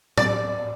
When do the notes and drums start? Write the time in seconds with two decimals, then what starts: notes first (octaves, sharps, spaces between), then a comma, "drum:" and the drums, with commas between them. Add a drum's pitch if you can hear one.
0.18 D5, drum: tom A2